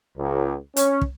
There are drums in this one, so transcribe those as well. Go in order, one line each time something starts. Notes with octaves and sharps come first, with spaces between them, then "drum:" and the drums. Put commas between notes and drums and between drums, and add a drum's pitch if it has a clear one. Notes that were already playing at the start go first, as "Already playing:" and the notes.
C#2
C#4, drum: hi-hat
drum: kick